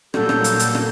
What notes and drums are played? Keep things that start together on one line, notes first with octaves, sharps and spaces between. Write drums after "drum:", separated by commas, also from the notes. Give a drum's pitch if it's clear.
A#2 F#3 G3 A#3 A4 G6, drum: rim click
drum: rim click
drum: hi-hat
drum: hi-hat
drum: rim click